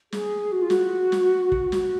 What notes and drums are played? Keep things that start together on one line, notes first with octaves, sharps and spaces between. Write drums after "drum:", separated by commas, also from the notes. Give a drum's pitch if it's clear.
G#4, drum: snare
F#4
F4
F#4, drum: snare
drum: snare
drum: kick
F#4, drum: snare